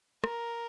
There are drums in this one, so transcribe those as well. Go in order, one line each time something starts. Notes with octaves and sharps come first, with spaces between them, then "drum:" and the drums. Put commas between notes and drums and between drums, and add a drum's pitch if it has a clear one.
A#4, drum: rim click